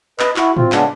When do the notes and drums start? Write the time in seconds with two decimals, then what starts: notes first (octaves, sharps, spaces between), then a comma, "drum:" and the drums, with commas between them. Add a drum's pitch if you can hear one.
0.20 B4 D#5, drum: clap
0.36 E4 F#4, drum: clap
0.57 C4 F4, drum: tom A2
0.72 C#3 G#3 B3 D4, drum: clap